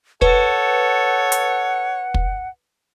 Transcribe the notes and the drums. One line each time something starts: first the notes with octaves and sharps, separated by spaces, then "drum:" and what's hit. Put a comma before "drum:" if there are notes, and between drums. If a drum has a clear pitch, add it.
A4 B4 C#5 F#5, drum: kick
drum: hi-hat
drum: kick